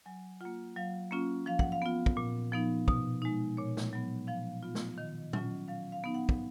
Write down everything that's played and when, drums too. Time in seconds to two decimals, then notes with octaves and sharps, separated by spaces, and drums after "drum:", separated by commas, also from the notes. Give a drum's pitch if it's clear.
0.06 F#3 G#5
0.41 A#3 F4 F#5
0.76 F#3 F5
1.11 A#3 C#4 F4
1.46 F3 F5
1.59 F#5, drum: kick
1.72 F5
1.82 B3 F4
2.06 drum: kick
2.17 A#2
2.52 F3 B3 D#4
2.88 B2, drum: kick
3.22 G#3 D#4
3.57 A#2 C#5
3.77 drum: snare
3.93 F#3 B3
4.27 F3 F5
4.63 B3 F4
4.75 drum: snare
4.98 D#3 D#5
5.33 F#3 C#4 F4, drum: tom A#2
5.68 F#3 F5
5.92 F5
6.04 B3 D#4
6.14 F#5
6.29 drum: kick